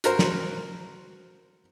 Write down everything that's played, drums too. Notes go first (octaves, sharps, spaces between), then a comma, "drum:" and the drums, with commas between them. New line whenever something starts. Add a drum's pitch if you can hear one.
F#4 A#4 C5, drum: hi-hat
drum: snare